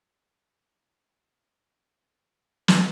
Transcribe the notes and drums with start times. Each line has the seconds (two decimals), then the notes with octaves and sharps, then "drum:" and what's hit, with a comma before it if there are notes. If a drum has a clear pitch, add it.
0.07 G1 G3 A#3 C#4 D#4 F#5
2.68 drum: snare